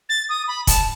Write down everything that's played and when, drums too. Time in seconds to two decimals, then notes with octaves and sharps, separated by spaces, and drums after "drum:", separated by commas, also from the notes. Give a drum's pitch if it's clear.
0.09 A6
0.29 D#6
0.48 B5
0.67 A5, drum: kick, hi-hat